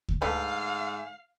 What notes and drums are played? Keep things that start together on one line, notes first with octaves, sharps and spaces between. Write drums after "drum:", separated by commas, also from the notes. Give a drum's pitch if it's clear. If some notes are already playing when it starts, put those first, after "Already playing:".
drum: kick D2
G#2 D3 A3 B4 F5